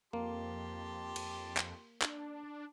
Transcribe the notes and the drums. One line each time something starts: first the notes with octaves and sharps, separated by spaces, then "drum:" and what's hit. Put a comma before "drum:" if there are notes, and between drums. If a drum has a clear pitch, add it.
F2 A#3 G4 A5 C6
F2, drum: cymbal
drum: clap
D4, drum: clap